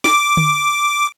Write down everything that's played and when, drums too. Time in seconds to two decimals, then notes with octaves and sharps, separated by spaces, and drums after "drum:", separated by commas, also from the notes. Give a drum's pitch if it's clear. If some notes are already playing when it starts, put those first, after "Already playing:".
0.04 D6, drum: snare
0.37 drum: tom D3